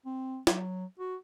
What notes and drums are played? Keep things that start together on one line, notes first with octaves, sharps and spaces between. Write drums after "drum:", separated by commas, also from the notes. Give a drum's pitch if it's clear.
C4
F#3, drum: snare
F#4